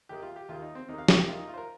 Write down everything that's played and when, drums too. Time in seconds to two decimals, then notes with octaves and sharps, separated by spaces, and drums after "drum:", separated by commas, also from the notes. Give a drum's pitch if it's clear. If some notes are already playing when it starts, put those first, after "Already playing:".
0.09 D#2 D#3 G4
0.22 F4
0.36 G4
0.49 D#2 D#3 F4
0.62 D#4
0.75 C4
0.88 D#2 D#4
0.94 D#3 F5
1.08 F5, drum: snare
1.18 G4
1.28 D#2 D#3 F4
1.38 D#4
1.48 F4
1.54 C5
1.58 A#4